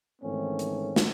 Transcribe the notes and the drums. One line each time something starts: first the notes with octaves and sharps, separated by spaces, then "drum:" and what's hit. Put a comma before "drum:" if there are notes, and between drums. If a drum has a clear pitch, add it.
G#2 D#3 E3 A3 C4 C#4
drum: hi-hat
drum: snare